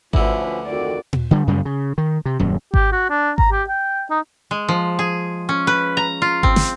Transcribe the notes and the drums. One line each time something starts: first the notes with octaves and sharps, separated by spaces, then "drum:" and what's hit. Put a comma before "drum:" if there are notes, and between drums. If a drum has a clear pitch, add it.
D2 D3 F3 C#4 E4 F#4 B4, drum: kick G#1
F2 D#3 F#4 D5
drum: tom A#2
D3 G3
F#2 C#3 G3 G#3
C#3
D#3
C3
D#1 F#2
G4, drum: kick G#1
F#4
D4
A#5, drum: kick G#1
G4
G5
D#4
G#3
F3
G#4
C#4
B4
A#5
F4
C4, drum: kick G#1
drum: snare